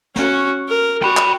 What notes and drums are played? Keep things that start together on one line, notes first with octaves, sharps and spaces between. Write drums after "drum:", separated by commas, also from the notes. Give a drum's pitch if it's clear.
C#4 F#4, drum: snare
A#4
F#4 G5 B5
drum: clap